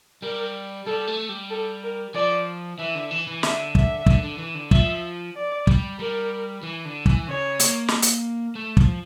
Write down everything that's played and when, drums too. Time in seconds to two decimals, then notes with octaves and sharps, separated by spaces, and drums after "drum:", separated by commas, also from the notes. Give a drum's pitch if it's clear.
0.22 G3 A#4
0.86 G3 A4
1.07 A3
1.29 G3
1.50 A4
1.83 A#4
2.14 F3 D5
2.78 E3 E5
2.95 D3
3.11 E3
3.27 E3
3.43 D3 E5, drum: snare
3.75 E5, drum: kick
4.06 D3, drum: kick
4.23 D3
4.38 E3
4.55 D3
4.71 F3 E5, drum: kick
5.36 D5
5.67 G3, drum: kick
5.99 G3 A#4
6.63 E3
6.85 D3
7.06 E3, drum: kick
7.28 C#3 C#5
7.60 A#3, drum: hi-hat
7.88 drum: snare
8.02 drum: hi-hat
8.55 A3
8.77 F3, drum: kick